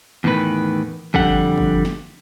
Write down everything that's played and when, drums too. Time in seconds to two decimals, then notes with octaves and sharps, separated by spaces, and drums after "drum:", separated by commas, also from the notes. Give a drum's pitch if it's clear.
0.24 E2 A2 D#3 B4
1.14 F2 D3 G3 F#5, drum: kick
1.58 drum: kick
1.85 drum: snare